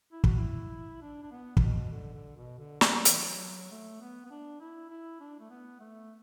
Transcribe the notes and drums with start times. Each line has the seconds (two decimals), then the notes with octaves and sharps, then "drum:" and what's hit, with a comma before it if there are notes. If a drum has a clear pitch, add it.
0.12 E4
0.24 F#4, drum: kick
0.36 E4
1.02 D4
1.23 D4
1.32 B3
1.57 D3, drum: kick
1.61 B2
1.91 D3
2.14 D3
2.36 B2
2.59 D3
2.81 A3, drum: snare
2.93 F#3
3.05 E3, drum: hi-hat
3.17 F#3
3.71 A3
4.01 B3
4.25 B3
4.31 D4
4.60 E4
4.90 E4
5.20 D4
5.39 A3
5.50 B3
5.80 A3